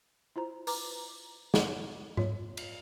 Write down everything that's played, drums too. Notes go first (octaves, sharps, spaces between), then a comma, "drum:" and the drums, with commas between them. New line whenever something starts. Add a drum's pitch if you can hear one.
E4 F4 C5 A#5
B4 A#5 D6, drum: open hi-hat
drum: snare
F4 C#5, drum: tom G#2
drum: cymbal